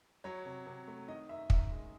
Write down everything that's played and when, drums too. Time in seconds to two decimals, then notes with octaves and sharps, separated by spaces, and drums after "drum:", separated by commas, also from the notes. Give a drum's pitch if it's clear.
0.24 F#3 C#5
0.45 C3
0.67 C3
0.88 A3
1.08 D#3 D#5
1.29 F#2 E5
1.50 F#2 E5, drum: kick
1.71 G#3